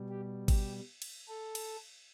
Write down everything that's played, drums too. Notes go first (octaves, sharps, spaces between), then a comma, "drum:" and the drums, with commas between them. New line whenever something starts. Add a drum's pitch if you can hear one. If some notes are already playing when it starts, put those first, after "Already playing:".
Already playing: B2 G3
G4
G4, drum: kick G#1, cymbal
drum: cymbal
A4
drum: cymbal